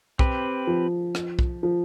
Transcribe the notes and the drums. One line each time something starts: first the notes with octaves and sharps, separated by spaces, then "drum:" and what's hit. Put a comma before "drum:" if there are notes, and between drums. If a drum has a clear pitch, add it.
C4 G4 B4, drum: kick
F3
drum: rim click
drum: kick
F3